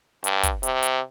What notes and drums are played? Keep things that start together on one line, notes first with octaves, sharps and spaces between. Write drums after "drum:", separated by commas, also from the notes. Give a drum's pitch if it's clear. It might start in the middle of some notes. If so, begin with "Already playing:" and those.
G2, drum: hi-hat
drum: kick, hi-hat
C3, drum: hi-hat
drum: hi-hat